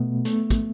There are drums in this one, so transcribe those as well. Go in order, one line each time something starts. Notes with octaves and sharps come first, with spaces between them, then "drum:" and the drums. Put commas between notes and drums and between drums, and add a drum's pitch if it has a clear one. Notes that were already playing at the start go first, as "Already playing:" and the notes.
Already playing: B2 A3 B3
A3, drum: hi-hat
drum: kick, hi-hat